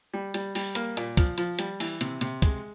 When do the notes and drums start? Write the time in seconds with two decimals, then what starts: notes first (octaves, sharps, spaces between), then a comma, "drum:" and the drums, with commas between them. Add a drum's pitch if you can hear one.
0.14 G3
0.34 G3, drum: hi-hat
0.55 G3, drum: open hi-hat
0.75 A#3, drum: hi-hat
0.97 A#2, drum: hi-hat
1.17 F3, drum: kick, hi-hat
1.38 F3, drum: hi-hat
1.59 G3, drum: hi-hat
1.80 E3, drum: open hi-hat
2.01 C3, drum: hi-hat
2.21 C3, drum: hi-hat
2.42 G#3, drum: kick, hi-hat